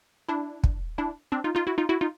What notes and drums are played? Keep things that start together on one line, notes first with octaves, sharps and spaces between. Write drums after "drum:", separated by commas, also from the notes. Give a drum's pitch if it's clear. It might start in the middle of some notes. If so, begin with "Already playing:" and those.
D4 E4
drum: kick
D4 E4
C4 D4
D#4 F4
D#4 F4
E4 F#4
D#4 F4
E4 F#4
D#4 F4